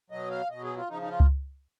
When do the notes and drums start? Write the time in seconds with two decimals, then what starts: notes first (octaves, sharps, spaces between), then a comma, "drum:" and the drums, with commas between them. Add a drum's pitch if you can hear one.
0.10 B2 F#3 D#5
0.31 F5
0.50 B2 F#3 D#5
0.63 G#4
0.77 F4
0.90 C#3 F3 D#4
1.02 D#4
1.09 F4
1.20 drum: kick C#2